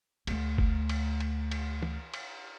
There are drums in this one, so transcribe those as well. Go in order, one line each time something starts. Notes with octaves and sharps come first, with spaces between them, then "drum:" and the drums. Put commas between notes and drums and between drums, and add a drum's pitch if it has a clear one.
D2 A3, drum: cymbal
drum: kick F#1
drum: cymbal
drum: cymbal
drum: cymbal
drum: tom
drum: cymbal